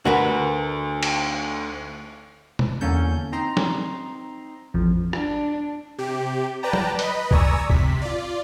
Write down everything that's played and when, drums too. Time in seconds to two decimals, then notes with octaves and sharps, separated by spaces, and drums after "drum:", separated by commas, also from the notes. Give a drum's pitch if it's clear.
0.05 D2 F#4 A#4 B4
1.03 drum: cymbal
2.59 drum: tom
2.81 E2 D3 A#3 C#4 A4 G6
3.32 C4 D#4 A#5 C6
3.57 drum: snare
4.74 A1 F2 F3
5.13 D4, drum: rim click
5.98 C3 G4
6.63 B4 D5 G5 A5 A#5
6.73 drum: tom
6.99 B4 D#5 B5, drum: hi-hat
7.31 D5 G#5 A#5 C#6 D#6 E6, drum: kick C2
7.70 C3 B6, drum: kick C2
8.01 F4 D5